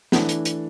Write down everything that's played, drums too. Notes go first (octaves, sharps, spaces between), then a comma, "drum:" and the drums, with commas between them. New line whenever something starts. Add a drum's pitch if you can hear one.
E3 A3 D4, drum: snare
drum: hi-hat
drum: hi-hat